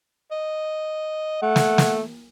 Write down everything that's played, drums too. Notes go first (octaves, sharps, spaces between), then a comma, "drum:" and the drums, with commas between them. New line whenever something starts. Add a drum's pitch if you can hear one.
D#5
A3 F#5
drum: snare
drum: snare